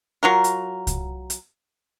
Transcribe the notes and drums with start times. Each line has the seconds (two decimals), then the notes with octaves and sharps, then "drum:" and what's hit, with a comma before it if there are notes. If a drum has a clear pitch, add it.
0.23 F#3 F4 A#4
0.44 drum: hi-hat
0.87 drum: kick C2, hi-hat
1.30 drum: hi-hat